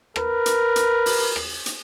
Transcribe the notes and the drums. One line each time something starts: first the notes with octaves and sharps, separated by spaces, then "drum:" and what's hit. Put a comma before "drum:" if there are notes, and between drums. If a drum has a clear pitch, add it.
A#4 B4, drum: rim click
drum: hi-hat
drum: hi-hat
drum: open hi-hat
drum: rim click
drum: hi-hat